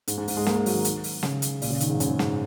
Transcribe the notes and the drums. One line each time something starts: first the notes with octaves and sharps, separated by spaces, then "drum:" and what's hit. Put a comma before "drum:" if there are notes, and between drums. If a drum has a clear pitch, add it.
G#2, drum: hi-hat
G#2
G#2, drum: open hi-hat
G#3
A#3, drum: snare
G#3
F#3, drum: open hi-hat
D#3
drum: hi-hat
drum: open hi-hat
C#3, drum: snare
drum: hi-hat
A#2, drum: open hi-hat
C#3
D#3, drum: hi-hat
G#2
F#2, drum: hi-hat
G#2
G#2, drum: snare